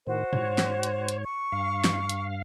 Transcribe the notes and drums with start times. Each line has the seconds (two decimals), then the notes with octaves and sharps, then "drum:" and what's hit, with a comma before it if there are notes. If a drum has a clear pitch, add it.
0.07 A2 D#3 F#4 C5
0.33 G#2 C#5, drum: tom G#2
0.58 drum: snare
0.83 drum: hi-hat
1.08 drum: hi-hat
1.25 C#6
1.52 G2 F5
1.84 drum: snare
2.09 drum: hi-hat